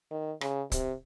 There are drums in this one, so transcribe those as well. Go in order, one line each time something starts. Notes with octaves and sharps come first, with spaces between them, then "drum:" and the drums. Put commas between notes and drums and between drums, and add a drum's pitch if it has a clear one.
D#3
C#3, drum: rim click
C3, drum: kick C#1, hi-hat